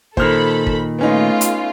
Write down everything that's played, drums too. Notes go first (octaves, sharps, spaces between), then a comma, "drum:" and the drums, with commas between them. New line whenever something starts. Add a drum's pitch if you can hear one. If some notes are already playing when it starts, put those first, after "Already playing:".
A#2 D#3 A4 C5 B5 F6, drum: kick
drum: kick
A3 B3 C#4 D#4 F4
drum: hi-hat